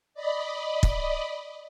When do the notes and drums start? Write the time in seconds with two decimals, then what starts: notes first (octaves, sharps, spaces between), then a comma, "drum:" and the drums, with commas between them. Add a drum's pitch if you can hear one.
0.14 D5 D#5 B5
0.83 drum: kick